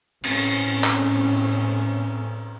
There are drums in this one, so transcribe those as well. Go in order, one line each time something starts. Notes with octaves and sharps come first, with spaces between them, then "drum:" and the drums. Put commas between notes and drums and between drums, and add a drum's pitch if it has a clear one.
A2 C4 C#4, drum: cymbal
drum: clap